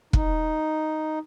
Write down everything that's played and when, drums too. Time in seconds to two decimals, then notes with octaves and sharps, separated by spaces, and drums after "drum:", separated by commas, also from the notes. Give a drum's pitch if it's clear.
0.13 D#4, drum: kick